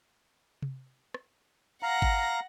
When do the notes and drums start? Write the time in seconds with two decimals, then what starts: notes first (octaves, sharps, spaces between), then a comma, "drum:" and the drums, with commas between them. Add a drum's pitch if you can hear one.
0.62 drum: tom C3
1.14 drum: rim click
1.83 F5 F#5 A#5 A#6
2.02 drum: kick G#1